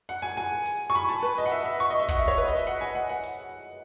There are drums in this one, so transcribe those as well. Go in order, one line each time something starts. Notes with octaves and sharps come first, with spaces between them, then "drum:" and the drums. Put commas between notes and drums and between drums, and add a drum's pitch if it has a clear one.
F#5, drum: hi-hat
G#5
G#5, drum: hi-hat
drum: hi-hat
C#6
B5, drum: hi-hat
A5
B4
D#5
F#5
E5
E5
C#6, drum: hi-hat
D#5
E5
F#5, drum: kick, hi-hat
E5
C#5
B4, drum: hi-hat
D#5
E5
F#5
G#5
F#5
F#5
drum: hi-hat